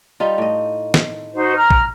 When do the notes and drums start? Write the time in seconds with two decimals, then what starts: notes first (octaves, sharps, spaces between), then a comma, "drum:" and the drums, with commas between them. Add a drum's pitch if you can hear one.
0.20 G3 D#4 F4
0.38 A2 D#5
0.94 drum: snare
1.33 D#4 F#4 C5
1.56 A#5 F6
1.70 drum: kick